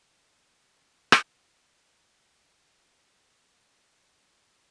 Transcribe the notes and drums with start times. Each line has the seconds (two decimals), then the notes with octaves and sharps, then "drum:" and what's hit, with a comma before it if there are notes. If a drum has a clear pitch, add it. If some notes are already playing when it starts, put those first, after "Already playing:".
0.13 C#5
0.76 D5
1.12 drum: rim click
1.38 D5
1.60 F#4
1.81 D5
2.18 D5
2.33 D5
2.50 E5
2.65 D5
2.97 E5
3.28 D5
3.59 C#5
3.91 C#5
4.22 B4
4.54 C#5